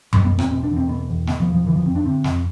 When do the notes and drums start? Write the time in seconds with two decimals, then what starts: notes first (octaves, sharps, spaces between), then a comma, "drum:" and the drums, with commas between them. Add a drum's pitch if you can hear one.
0.13 B2 G3, drum: tom F#2
0.24 B3
0.32 E2
0.39 C4, drum: rim click
0.51 B2 C4
0.63 D4
0.71 E2
0.77 C4
0.89 B2 B3
1.09 E2
1.27 B2 B3, drum: snare
1.40 F3
1.46 E2
1.53 F3
1.66 D3 E3
1.76 F3
1.86 F2 C4
1.95 D4
2.04 D3 C4
2.24 F2, drum: snare